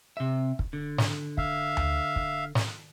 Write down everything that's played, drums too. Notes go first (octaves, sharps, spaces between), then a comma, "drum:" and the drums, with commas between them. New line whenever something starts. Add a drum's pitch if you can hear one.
C3 E5
drum: kick
D3
drum: snare
E5 F5, drum: kick
drum: tom D2
drum: kick
drum: snare